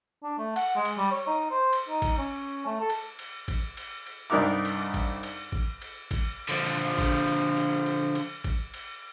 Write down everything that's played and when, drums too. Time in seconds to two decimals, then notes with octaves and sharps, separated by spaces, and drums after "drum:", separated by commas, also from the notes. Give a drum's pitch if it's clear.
0.23 D4
0.38 A3
0.56 F#5, drum: cymbal
0.76 G#3
0.85 drum: cymbal
0.98 G3
1.11 C#5
1.27 D#4
1.51 C5
1.73 drum: cymbal
1.89 D#4
2.02 drum: kick A1, cymbal
2.18 C#4
2.66 A3
2.80 A4
2.90 drum: cymbal
3.19 drum: cymbal
3.48 drum: kick A1, cymbal
3.77 drum: cymbal
4.06 drum: cymbal
4.30 C2 G2 D4 D#4 A#4 D6
4.65 drum: cymbal
4.94 drum: kick A1, cymbal
5.23 drum: cymbal
5.52 drum: kick A1
5.82 drum: cymbal
6.11 drum: kick A1, cymbal
6.49 D3 F3
6.69 drum: cymbal
6.98 drum: kick A1, cymbal
7.28 drum: cymbal
7.57 drum: cymbal
7.86 drum: cymbal
8.15 drum: cymbal
8.44 drum: kick A1, cymbal
8.74 drum: cymbal